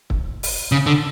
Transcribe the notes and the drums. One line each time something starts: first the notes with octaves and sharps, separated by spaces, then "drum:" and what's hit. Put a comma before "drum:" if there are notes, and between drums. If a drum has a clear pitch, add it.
drum: kick
drum: open hi-hat
C#3
D3